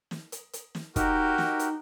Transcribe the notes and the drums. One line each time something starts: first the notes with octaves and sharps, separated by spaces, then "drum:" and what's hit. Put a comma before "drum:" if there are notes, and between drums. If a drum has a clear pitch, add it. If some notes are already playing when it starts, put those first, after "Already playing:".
drum: snare
drum: hi-hat
drum: hi-hat
drum: snare
D#4 F#4 G4 A#4, drum: kick, hi-hat
drum: snare
drum: hi-hat